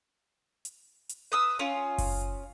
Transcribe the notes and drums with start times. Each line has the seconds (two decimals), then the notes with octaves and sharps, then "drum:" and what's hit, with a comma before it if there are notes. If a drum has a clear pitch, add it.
0.65 drum: hi-hat
1.09 drum: hi-hat
1.32 B4 D#6 E6
1.59 C#4 F4
1.98 drum: kick F#1, open hi-hat